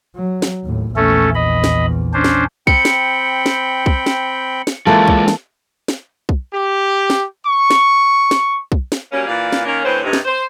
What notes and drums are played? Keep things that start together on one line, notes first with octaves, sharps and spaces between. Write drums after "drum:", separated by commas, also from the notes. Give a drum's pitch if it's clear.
F#3
drum: snare
D#2 A2
A#1 E2 A3 C#4 A4
D#5 B5
drum: snare
C#4 D4 C5
drum: snare
C4 G5 B5 C#7, drum: kick
drum: snare
drum: snare
drum: kick
drum: snare
drum: snare
E3 G#3 A#3 F4 A4
drum: kick
drum: snare
drum: snare
drum: kick
G4
drum: snare
C#6
drum: snare
drum: snare
drum: kick
drum: snare
F#3 G3 A#3 C#4
A#2 E3 D5 F5
drum: snare
D#3 A#3 C#4
A2 D3 C4 C#4 B4 C5
G2 C3 D#4
drum: snare
C5